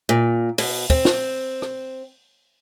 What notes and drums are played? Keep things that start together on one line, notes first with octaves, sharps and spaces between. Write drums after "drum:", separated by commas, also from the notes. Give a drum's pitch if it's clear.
A#2
B2, drum: open hi-hat
C4, drum: kick
drum: snare
drum: rim click